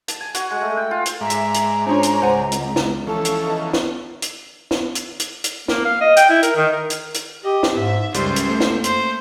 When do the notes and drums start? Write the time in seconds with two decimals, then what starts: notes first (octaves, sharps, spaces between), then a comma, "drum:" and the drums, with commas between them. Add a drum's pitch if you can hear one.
0.08 A5, drum: hi-hat
0.21 G#5
0.34 F#4, drum: hi-hat
0.50 G#3
0.62 A3
0.77 G5
0.91 F4
1.06 drum: hi-hat
1.21 G#2 G#3 D5 E5 A#5
1.30 drum: hi-hat
1.54 drum: hi-hat
1.86 C#4 D4 F4 C5 C#5
2.03 drum: hi-hat
2.22 C#2 C5 F#5 G#5
2.52 drum: hi-hat
2.76 drum: snare
3.07 E3 F3 C#4 A4
3.25 drum: hi-hat
3.43 B3 D#4
3.73 drum: snare
4.22 drum: hi-hat
4.71 drum: snare
4.95 drum: hi-hat
5.20 drum: hi-hat
5.44 drum: hi-hat
5.68 A#3, drum: snare
5.85 F5
6.01 D#5
6.17 G5, drum: hi-hat
6.29 E4
6.43 A#4, drum: hi-hat
6.56 D#3
6.72 A#4
6.90 drum: hi-hat
7.14 drum: hi-hat
7.44 G4 D#5
7.63 drum: snare
7.74 G#2 E5
8.14 C#2 F#2 G3 C5, drum: hi-hat
8.36 drum: hi-hat
8.50 A3 A#3
8.60 drum: snare
8.84 C5, drum: hi-hat